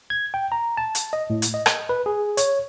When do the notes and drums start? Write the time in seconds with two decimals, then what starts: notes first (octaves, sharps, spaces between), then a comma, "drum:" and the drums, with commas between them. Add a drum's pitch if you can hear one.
0.10 G#6
0.34 G5
0.52 A#5
0.77 A5
0.95 drum: hi-hat
1.13 D#5
1.30 A2
1.42 drum: hi-hat
1.54 D#5
1.66 drum: rim click
1.89 B4
2.06 G#4
2.37 C#5, drum: hi-hat